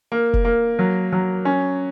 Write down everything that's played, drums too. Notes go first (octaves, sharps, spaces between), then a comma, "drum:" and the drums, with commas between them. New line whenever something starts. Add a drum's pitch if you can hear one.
A#3
drum: kick
A#3
F#3
F#3
C#4